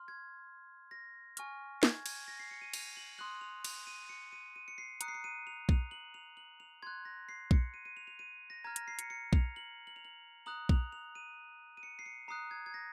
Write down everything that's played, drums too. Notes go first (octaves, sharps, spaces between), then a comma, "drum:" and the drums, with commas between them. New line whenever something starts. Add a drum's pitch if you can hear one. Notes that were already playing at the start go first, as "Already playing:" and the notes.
Already playing: C6 F6
G#6
A#6
G#5 C#6 F6, drum: hi-hat
G#6, drum: snare
G#6, drum: cymbal
A#6
C7
C#7
D#7
F7, drum: cymbal
F#7
C6 D#6 F#6 F#7
F7
F7, drum: cymbal
D#7
C#7
D#7
D#7
C#7
C7
A#5 D#6 F#6 C#7, drum: hi-hat
C7
C#7
D#7
F7
F7, drum: kick B1
F#7
F7
F#7
F7
C6 F#6 G#6
A#6
C7
C#7, drum: kick B1
D#7
D#7
F7
F7
D#7
A#6
A#5 F6 G#6
A#6, drum: hi-hat
C7
C#7, drum: hi-hat
C#7
F7, drum: kick B1
F#7
F#7
F7
F#7
A#5 D#6 F#6 F#7
F7, drum: kick B1
F7
D#7
D#7
C#7
C7
C#7
A#5 D#6 F#6 C7
G#6
G#6
A#6